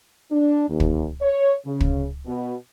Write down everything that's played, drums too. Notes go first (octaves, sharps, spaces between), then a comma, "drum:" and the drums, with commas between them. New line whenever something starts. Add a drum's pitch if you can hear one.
D4
D#2
drum: kick
C#5
C#3
drum: kick
B2